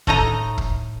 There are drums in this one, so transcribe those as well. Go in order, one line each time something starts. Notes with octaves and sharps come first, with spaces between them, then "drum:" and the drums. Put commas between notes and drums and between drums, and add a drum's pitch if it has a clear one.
A2 A3 D#4 D#5 A#5, drum: kick
drum: kick